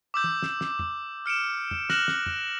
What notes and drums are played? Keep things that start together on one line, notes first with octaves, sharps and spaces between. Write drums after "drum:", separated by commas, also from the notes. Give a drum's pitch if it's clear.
D6 E6 G6
drum: tom
drum: snare
drum: snare
drum: tom
F6 C#7 D7 E7
drum: tom
F6 F#6 A#6 E7 F#7, drum: snare
drum: snare
drum: tom